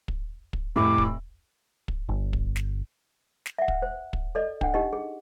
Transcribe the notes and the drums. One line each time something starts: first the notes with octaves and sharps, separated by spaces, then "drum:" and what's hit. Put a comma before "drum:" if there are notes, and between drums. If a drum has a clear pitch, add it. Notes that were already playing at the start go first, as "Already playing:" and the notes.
drum: kick
drum: kick
F1 A2 D6
drum: kick
drum: kick
G1
drum: kick
drum: snare
drum: snare
E5 F#5
drum: kick
C5
drum: kick
A4 D5 D#5
D4 F#5, drum: kick
D#4 G4 D#5
G#4